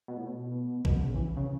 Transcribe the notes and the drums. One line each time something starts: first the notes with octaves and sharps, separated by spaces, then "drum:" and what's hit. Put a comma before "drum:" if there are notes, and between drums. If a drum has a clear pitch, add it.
B2
A2
B2
B2, drum: kick A#1
C#3
E3
C#3